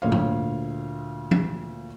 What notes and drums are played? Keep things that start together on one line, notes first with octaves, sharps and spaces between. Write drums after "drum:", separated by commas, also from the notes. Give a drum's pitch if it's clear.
D2 A#2 C#5 F5
drum: tom G#2
drum: tom E3